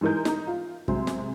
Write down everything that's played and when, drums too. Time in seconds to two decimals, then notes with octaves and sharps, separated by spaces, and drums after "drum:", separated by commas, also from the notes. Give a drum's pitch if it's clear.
0.01 E3 G#3 D#4 A#4 G6
0.25 D#4 A#5, drum: snare
0.47 F4
0.88 C3 F#3 G#3 C4, drum: kick
1.07 drum: snare